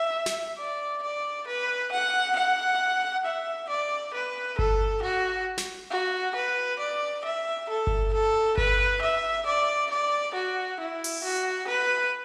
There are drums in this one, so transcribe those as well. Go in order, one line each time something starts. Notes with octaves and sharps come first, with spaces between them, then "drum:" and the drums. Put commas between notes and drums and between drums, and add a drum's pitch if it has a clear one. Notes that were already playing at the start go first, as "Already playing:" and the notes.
Already playing: E5
drum: snare
D5
D5
B4
F#5
F#5
E5
D5
B4
A4, drum: kick G1
F#4
drum: snare
F#4
B4
D5
E5
A4
drum: kick G1
A4
B4, drum: kick G1
E5
D5
D5
F#4
E4
drum: open hi-hat
F#4
B4